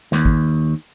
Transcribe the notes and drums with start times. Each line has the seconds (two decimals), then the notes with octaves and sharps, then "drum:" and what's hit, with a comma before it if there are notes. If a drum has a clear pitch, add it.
0.12 D#2, drum: snare
0.25 drum: kick G#1